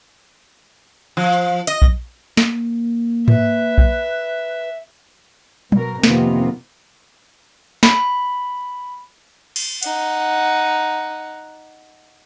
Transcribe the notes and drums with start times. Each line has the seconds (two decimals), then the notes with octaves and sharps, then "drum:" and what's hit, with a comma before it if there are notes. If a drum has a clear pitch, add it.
1.17 F3
1.67 D#5, drum: hi-hat
1.82 drum: kick A#1
2.37 A#3, drum: snare
3.28 B4 E5, drum: tom G#2
3.78 drum: kick A#1
5.72 B2 A#4, drum: tom F#3
6.03 F2 C3 D#3 A#3 B3 F4, drum: snare
7.83 B5, drum: snare
9.56 drum: cymbal
9.83 D#4 F#5, drum: hi-hat